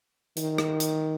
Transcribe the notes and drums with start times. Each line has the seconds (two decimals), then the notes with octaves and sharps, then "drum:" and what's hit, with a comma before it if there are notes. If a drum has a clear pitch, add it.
0.37 D#3, drum: hi-hat
0.58 drum: rim click
0.80 drum: hi-hat